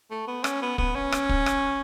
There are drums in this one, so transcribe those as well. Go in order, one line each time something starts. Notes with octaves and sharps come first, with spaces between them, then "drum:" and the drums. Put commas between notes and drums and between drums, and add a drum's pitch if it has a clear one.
A3
B3
C#4, drum: rim click
B3
B3, drum: kick
C#4
drum: rim click
drum: kick
drum: rim click